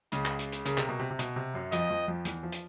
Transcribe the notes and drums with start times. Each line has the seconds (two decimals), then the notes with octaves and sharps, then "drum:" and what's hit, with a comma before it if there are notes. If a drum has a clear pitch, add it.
0.12 C#2 C#3, drum: hi-hat
0.26 drum: clap
0.39 drum: hi-hat
0.52 drum: hi-hat
0.65 C#3 A#4, drum: hi-hat
0.78 C3, drum: clap
0.89 B2
0.99 C3
1.11 C3
1.19 B2, drum: hi-hat
1.36 C3
1.54 F#2 F#3
1.72 F2 F3 D#5, drum: hi-hat
1.90 F2 F3
2.08 F2 F3
2.25 E2 E3, drum: hi-hat
2.43 F3
2.52 drum: hi-hat